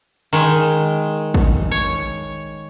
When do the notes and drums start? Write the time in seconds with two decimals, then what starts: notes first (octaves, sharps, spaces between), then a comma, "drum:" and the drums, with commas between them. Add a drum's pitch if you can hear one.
0.33 D#3 G#3
1.34 drum: kick
1.71 C#5